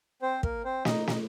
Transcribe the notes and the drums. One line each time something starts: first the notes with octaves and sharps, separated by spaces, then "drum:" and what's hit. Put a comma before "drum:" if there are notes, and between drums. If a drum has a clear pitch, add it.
C4 C5
A#3 A#4, drum: kick
C4 C5
D#4 D#5, drum: snare
D#5, drum: snare